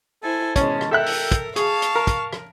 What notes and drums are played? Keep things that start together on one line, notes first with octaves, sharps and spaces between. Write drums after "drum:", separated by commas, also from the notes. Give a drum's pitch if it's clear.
E4 A4 C5 G#5
B2 D#3 G#3 C#4 A5, drum: kick, hi-hat
drum: rim click
A4 A#4 E5 G5 F#6
drum: open hi-hat
drum: kick, hi-hat
G#4 F5 A5 C#6, drum: hi-hat
drum: hi-hat
A#4
drum: kick, hi-hat
drum: rim click